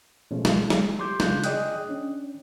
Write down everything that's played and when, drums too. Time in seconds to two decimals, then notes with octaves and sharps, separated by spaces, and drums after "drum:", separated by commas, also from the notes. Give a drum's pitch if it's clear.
0.31 B2 F3 G#3 A3 C#4
0.45 F4, drum: snare
0.70 drum: snare
0.99 G4 C6 D6 G6
1.20 C#3 D4 F4 F#6 G6, drum: snare
1.44 G#4 D5 D#5 G5 D#6 F#6, drum: hi-hat
1.89 C#4 D4